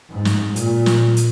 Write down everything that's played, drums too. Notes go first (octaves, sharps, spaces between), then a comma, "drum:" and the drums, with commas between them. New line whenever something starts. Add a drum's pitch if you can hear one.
G#2
drum: snare
A#2, drum: hi-hat
drum: snare
drum: hi-hat